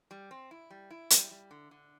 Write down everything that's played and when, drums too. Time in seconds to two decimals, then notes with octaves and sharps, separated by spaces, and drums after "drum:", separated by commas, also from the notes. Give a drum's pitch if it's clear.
0.11 G3
0.31 C4
0.51 E4
0.71 G3
0.91 E4
1.10 G3, drum: hi-hat
1.31 G3
1.51 D3
1.71 D3